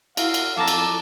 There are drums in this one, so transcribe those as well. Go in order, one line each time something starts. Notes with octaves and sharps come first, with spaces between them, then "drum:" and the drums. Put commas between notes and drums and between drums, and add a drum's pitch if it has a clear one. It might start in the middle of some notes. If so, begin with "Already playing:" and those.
E4 F#4 F5, drum: cymbal
drum: cymbal
F2 A4 A5 A#5 D6
drum: cymbal